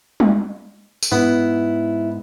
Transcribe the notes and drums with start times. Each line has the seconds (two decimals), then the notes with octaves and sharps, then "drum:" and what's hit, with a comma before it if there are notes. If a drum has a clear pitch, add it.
0.20 drum: tom G3
1.03 drum: tambourine
1.12 G#2 B3 E4